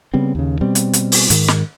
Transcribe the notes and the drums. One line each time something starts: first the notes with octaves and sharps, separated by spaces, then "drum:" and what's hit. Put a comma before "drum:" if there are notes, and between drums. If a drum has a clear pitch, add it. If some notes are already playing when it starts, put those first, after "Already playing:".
C#3 G3 B3 C4
D#2 C#3
B2 G3 C4
drum: hi-hat
drum: hi-hat
drum: open hi-hat
G#2 D#3, drum: hi-hat
drum: snare